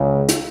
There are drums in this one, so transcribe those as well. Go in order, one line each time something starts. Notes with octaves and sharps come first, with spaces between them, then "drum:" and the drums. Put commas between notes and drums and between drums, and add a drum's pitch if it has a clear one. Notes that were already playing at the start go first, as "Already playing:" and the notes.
Already playing: C#2 C#3
drum: hi-hat